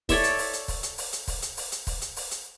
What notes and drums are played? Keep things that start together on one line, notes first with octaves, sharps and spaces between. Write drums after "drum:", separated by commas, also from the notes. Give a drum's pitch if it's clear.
A4 C#5 D5 E5, drum: kick, open hi-hat
drum: hi-hat
drum: open hi-hat
drum: hi-hat
drum: kick, open hi-hat
drum: hi-hat
drum: open hi-hat
drum: hi-hat
drum: kick, open hi-hat
drum: hi-hat
drum: open hi-hat
drum: hi-hat
drum: kick, open hi-hat
drum: hi-hat
drum: open hi-hat
drum: hi-hat